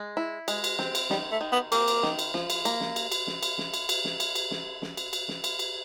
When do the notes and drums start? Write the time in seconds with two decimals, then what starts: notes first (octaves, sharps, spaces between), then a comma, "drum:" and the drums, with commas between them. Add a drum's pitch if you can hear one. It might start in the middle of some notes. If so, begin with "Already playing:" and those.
Already playing: G#3
0.17 E4
0.48 G#3, drum: cymbal
0.64 drum: cymbal
0.79 C4, drum: snare
0.95 drum: cymbal
1.10 D#3 G3, drum: snare
1.31 A3
1.41 D#3
1.52 B3
1.72 A#3 C4, drum: cymbal
1.88 drum: cymbal
2.03 D#3, drum: snare
2.19 drum: cymbal
2.34 F3, drum: snare
2.50 drum: cymbal
2.65 A#3, drum: cymbal
2.81 drum: snare
2.96 drum: cymbal
3.12 drum: cymbal
3.27 drum: snare
3.43 drum: cymbal
3.58 drum: snare
3.74 drum: cymbal
3.89 drum: cymbal
4.05 drum: snare
4.20 drum: cymbal
4.35 drum: cymbal
4.51 drum: snare
4.82 drum: snare
4.97 drum: cymbal
5.13 drum: cymbal
5.28 drum: snare
5.44 drum: cymbal
5.59 drum: cymbal